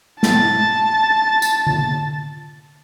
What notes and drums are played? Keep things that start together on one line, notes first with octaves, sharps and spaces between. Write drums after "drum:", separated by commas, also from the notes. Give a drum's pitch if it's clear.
A5 A6, drum: snare A3
drum: tambourine
drum: tom D3